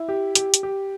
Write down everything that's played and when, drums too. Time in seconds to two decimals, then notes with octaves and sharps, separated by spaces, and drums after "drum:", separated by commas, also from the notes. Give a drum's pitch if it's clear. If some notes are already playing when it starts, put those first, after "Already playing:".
Already playing: E4
0.09 G4
0.35 G4, drum: hi-hat
0.54 drum: hi-hat
0.63 G4